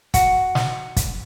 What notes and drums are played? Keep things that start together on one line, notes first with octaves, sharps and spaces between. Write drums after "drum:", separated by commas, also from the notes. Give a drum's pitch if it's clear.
F#4, drum: kick, hi-hat
drum: snare
drum: kick, hi-hat